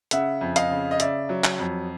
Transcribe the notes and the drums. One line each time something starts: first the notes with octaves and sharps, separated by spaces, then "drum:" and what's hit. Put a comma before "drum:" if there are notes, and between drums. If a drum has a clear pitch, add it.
C#3 E5 F#5, drum: hi-hat
F2
D#5 F5, drum: hi-hat
C#3
D#5
C#3 D5 E5, drum: hi-hat
F#3
drum: clap
F2